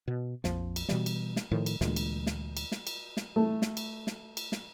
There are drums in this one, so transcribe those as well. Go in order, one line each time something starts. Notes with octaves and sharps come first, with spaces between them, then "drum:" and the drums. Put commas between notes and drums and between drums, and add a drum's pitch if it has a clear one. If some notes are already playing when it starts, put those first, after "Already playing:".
B2
A#1 F2 F3, drum: snare
drum: cymbal
B2 E3 G3, drum: snare
drum: cymbal
drum: snare
A2 D#3 F3
drum: cymbal
D2 A#2 E3 G#3, drum: snare
drum: cymbal
drum: snare
drum: cymbal
drum: snare
drum: cymbal
drum: snare
A3
drum: snare
drum: cymbal
drum: snare
drum: cymbal
drum: snare